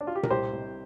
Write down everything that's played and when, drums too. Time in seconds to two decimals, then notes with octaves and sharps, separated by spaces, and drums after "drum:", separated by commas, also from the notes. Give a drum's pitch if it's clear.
0.01 D4
0.07 F4
0.15 G4
0.23 A#4, drum: tom A#2
0.30 C2 G4 C5
0.53 C2